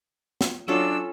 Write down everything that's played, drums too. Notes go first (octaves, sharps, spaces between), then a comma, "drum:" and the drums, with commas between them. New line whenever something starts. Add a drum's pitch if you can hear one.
drum: snare
F#3 C#4 D4 F4 A4 E6